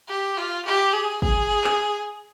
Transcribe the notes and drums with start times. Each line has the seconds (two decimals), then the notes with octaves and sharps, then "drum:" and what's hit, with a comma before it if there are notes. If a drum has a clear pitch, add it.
0.09 G4
0.37 F4
0.66 G4
0.93 G#4
1.22 G#4, drum: kick
1.64 drum: clap